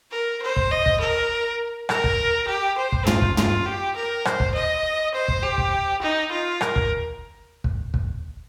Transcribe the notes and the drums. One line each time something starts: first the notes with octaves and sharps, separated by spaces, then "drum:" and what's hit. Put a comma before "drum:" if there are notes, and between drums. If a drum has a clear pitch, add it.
A#4
C5
drum: kick
D#5
drum: kick
A#4
A#4, drum: rim click
drum: kick
G4
C5
drum: kick
F4, drum: tom
drum: kick
F4, drum: tom
G4
A#4
C5, drum: rim click
drum: kick
D#5
C5
drum: kick
G4
drum: kick
D#4
F4
A#4, drum: rim click
drum: kick
drum: kick
drum: kick